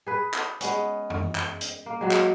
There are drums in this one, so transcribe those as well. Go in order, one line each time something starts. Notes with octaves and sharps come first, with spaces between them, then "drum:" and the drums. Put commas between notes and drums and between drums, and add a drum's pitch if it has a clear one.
G#4 B4
drum: clap
G#3 B3 C#4, drum: hi-hat
drum: tom F2
drum: clap
drum: hi-hat
A#3
F#3 G#3
drum: clap